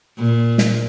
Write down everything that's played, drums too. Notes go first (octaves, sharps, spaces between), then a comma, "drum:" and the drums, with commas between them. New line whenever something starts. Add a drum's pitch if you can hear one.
A#2
drum: snare